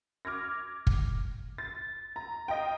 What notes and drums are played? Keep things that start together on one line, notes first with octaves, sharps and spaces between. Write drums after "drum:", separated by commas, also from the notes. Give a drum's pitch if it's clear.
D6 F6 G#6 A#6
drum: kick
A6
A#5
D#5 F5 G5